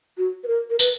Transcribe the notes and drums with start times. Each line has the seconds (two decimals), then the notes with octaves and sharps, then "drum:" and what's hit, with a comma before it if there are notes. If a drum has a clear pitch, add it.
0.18 F#4
0.44 B4
0.48 A#4
0.70 A#4
0.79 B4, drum: tambourine